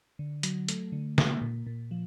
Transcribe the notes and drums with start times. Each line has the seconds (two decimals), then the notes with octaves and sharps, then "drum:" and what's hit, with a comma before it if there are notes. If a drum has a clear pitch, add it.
0.19 D3
0.43 F#3, drum: hi-hat
0.68 A3, drum: hi-hat
0.92 D3
1.18 A#3, drum: snare
1.42 A#2
1.67 A#2
1.91 F3